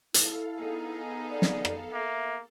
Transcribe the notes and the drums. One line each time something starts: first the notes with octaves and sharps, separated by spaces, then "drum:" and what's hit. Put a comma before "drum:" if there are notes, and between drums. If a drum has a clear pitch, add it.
E4 A4 F5, drum: hi-hat
B3 D#4 G#4
D5
drum: snare
drum: rim click
A#3 E5